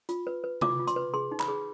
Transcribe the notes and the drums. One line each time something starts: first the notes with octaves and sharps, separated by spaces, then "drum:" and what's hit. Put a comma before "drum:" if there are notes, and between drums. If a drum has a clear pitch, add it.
F4, drum: hi-hat
B4
B4
F4 D6, drum: tom C3
F4
C6, drum: hi-hat
B4
G#4 C6
D#4
B5, drum: clap
G#4